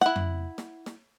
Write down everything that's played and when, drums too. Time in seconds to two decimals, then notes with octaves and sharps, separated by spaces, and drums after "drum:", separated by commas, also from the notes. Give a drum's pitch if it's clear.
0.01 E4 F#5, drum: snare
0.16 drum: tom F2
0.58 drum: snare
0.86 drum: snare